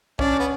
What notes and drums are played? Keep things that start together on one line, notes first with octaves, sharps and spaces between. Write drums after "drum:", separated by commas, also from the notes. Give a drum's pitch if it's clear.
C#4 D4, drum: kick C2
B3